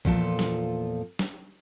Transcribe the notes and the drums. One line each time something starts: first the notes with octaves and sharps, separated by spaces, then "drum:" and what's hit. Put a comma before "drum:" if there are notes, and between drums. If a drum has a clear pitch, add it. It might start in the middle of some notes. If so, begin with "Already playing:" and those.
E2 A#2 F3 F4 A4, drum: kick
drum: snare
drum: snare